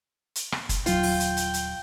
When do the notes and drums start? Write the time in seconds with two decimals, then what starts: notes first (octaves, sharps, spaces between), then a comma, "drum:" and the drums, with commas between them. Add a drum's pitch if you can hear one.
0.35 drum: hi-hat
0.52 drum: rim click
0.69 drum: kick, hi-hat
0.86 D#1 F#3 F4 G5, drum: hi-hat
1.03 drum: open hi-hat
1.20 drum: hi-hat
1.37 drum: hi-hat
1.54 drum: hi-hat